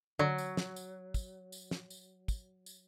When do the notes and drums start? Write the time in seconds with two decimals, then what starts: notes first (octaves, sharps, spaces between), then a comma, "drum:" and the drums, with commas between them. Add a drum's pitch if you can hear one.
0.19 D3 F#3
0.38 drum: tambourine
0.57 drum: snare
0.76 drum: tambourine
1.14 drum: kick, tambourine
1.52 drum: tambourine
1.71 drum: snare
1.90 drum: tambourine
2.28 drum: kick, tambourine
2.66 drum: tambourine